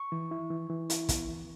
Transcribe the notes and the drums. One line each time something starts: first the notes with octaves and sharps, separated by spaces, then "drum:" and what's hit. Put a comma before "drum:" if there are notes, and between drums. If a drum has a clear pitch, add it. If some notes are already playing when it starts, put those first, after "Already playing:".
Already playing: C#6
E3
E4
E3
E3
E4, drum: hi-hat
B3, drum: kick, hi-hat
E3